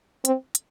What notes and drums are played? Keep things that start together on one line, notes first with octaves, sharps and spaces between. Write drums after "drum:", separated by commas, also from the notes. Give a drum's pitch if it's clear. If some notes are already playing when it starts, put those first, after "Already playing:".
C4, drum: hi-hat
drum: hi-hat